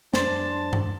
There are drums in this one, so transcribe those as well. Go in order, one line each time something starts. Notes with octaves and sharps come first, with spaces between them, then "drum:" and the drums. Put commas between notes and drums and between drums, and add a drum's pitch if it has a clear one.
F#2 G#3 D4 C5 A5 C6, drum: snare
drum: tom G2